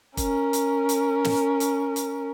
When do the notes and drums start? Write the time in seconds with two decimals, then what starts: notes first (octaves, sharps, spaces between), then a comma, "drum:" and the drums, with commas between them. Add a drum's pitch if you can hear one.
0.17 C#4 A#4, drum: kick, hi-hat
0.53 drum: hi-hat
0.89 drum: hi-hat
1.24 drum: snare
1.60 drum: hi-hat
1.96 drum: hi-hat